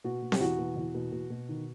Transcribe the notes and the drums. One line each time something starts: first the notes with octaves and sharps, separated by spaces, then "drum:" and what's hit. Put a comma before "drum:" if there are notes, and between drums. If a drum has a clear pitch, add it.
B2 F#4
B2
G4, drum: snare C4
E2 F#4
B2
E2
B2
B2
B2
D#3